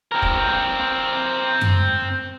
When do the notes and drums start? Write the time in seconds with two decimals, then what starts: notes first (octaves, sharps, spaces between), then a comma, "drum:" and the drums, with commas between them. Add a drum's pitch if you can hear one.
0.12 C4 A#4
0.22 drum: kick
1.61 drum: tom F#2